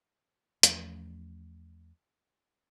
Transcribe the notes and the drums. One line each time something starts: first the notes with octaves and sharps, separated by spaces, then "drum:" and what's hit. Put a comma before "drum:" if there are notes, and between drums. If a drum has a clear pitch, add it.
E2 F3 A3 C#4, drum: hi-hat